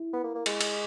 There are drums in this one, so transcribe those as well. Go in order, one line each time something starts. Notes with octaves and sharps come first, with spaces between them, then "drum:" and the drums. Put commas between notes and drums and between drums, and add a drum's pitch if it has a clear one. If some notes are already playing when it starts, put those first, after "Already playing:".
Already playing: E4
B3
A#3
A#3
G#3, drum: cymbal
drum: cymbal